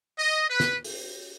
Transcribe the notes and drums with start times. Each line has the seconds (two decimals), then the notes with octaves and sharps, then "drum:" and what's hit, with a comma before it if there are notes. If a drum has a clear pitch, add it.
0.19 D#5
0.50 B4
0.60 drum: snare
0.85 drum: open hi-hat